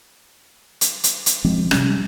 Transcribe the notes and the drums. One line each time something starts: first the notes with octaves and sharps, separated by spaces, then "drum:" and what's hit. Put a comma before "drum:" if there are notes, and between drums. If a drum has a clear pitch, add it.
drum: hi-hat
drum: hi-hat
drum: hi-hat
F3 G#3 C4
C3 G3 C#4, drum: rim click